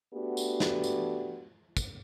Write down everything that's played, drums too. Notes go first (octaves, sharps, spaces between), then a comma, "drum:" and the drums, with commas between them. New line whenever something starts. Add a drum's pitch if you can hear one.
A3 B3 D4 F#4 G4
drum: tambourine
drum: snare
drum: tambourine
drum: kick, tambourine